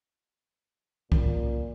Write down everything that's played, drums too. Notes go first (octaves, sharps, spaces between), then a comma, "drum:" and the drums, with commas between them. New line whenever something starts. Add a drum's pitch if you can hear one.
A#2, drum: kick